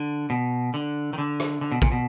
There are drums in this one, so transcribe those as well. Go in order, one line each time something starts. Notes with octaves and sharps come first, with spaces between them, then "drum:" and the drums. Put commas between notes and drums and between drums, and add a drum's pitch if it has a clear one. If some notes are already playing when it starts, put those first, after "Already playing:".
Already playing: D3
B2
D3
D#3
D3
drum: rim click
D3
B2
A#2, drum: kick
B2